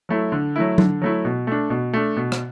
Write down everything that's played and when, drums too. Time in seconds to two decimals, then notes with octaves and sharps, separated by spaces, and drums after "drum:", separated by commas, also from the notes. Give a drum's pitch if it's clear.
0.09 F#3 A3 E4
0.32 D3
0.56 F#3 A3 E4
0.78 D3, drum: tom F#3
1.02 F#3 A3 E4
1.25 B2
1.47 A3 D4
1.70 B2
1.93 A3 D4
2.17 B2
2.32 drum: rim click